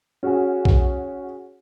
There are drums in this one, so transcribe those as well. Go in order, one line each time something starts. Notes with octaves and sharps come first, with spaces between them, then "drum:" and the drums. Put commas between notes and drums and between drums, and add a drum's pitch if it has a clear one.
C#4 F#4 G#4 F#5 G#5
drum: kick